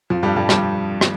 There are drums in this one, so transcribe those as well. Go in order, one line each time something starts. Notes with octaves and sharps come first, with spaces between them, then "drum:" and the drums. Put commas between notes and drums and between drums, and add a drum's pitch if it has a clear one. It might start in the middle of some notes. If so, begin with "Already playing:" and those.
F2 F3
G2 G3
G2 G3
G2 G3, drum: rim click
drum: rim click